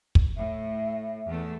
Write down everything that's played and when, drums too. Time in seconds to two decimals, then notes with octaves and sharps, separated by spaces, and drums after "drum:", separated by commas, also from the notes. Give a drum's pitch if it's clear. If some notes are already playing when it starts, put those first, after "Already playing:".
0.15 drum: kick
0.37 A2 E5
1.28 E2 A3